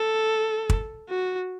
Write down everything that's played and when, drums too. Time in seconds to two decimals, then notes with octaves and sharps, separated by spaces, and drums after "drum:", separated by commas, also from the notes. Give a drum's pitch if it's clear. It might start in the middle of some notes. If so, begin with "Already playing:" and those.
Already playing: A4
0.70 drum: kick
1.09 F#4